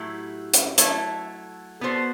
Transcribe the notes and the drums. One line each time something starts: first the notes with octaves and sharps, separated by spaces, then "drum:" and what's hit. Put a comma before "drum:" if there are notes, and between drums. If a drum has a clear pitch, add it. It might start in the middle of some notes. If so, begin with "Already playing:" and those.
Already playing: A2 F#3 A3 E4 G4
drum: hi-hat
F#3 A3 E4 A4, drum: hi-hat
B3 F#4 A4 C5